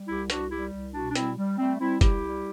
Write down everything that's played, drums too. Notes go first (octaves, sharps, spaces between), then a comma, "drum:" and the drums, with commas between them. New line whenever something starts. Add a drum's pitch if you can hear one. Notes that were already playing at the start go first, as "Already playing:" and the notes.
Already playing: G3
C2 E4 G4
C2 D4 F#4, drum: hi-hat
G3 E4 G4
C2
B2 D4 F#4
D4
G3 C4 E4, drum: hi-hat
G3
G3 A3 C4
G3 C4 E4
C2 E4 G4, drum: kick, hi-hat
G3